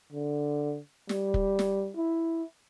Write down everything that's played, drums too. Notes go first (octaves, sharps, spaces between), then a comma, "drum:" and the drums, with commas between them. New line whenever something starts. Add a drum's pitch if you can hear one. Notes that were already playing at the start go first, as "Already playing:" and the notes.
D3
G3, drum: snare
drum: kick
drum: snare
E4